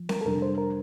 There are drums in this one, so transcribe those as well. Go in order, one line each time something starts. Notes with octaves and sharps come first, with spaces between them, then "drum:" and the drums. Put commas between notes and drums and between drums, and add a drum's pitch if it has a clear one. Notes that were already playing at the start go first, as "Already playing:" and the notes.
Already playing: F3
A#4, drum: snare C4
A4
F2 C3 G3 D4 A#4
C5
A#4